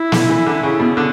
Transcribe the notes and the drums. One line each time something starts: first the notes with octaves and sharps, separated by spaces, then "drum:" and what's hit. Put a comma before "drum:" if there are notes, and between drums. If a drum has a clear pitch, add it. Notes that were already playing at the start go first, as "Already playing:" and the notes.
Already playing: E4
D3, drum: snare
E3
D3
C#3
B2
D3